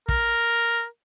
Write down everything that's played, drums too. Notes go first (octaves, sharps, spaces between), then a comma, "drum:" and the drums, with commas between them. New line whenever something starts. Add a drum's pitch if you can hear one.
A#4, drum: kick